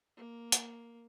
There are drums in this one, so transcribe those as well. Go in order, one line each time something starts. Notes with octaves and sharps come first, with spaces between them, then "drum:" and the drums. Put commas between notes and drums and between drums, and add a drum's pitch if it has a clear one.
A#3
drum: hi-hat